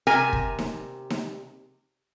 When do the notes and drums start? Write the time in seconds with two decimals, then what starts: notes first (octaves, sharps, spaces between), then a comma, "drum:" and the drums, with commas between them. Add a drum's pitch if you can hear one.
0.07 C3 A#4 G#5
0.33 drum: kick
0.59 drum: snare D#4
1.10 drum: snare D#4